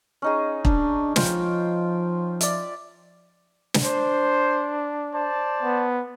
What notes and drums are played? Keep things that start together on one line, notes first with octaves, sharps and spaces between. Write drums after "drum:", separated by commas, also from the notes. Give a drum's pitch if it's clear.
C#4 D#4 G#4
D4, drum: kick
F3 F4 G5, drum: snare
D5 E5, drum: hi-hat
drum: snare
D4 C5
C5 D5 A5
B3